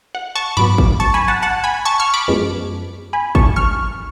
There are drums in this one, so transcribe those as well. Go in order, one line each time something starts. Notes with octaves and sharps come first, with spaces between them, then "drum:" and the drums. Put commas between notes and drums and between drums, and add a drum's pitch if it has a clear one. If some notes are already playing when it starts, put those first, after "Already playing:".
F#5
A5 C#6
G#2 F#3 B3 B5 D6
drum: kick
A5 C#6
G#5 B5
F#5 A5
F#5 A5
G#5 B5
A5 C#6
C#6 F6
B5 D6
F#2 F3 G#3 B3
G#5 B5
A5 C#6, drum: kick
C#6 F6